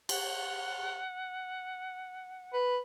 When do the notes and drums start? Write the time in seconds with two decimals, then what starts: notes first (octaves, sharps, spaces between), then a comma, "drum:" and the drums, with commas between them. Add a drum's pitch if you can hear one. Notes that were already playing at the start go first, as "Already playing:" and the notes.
0.09 F#5, drum: cymbal
2.53 B4